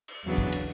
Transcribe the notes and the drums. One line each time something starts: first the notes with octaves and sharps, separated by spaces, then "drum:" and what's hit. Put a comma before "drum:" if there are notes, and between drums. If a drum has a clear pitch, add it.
drum: cymbal
E2 C#3 F#3 B3 D4
drum: kick
drum: cymbal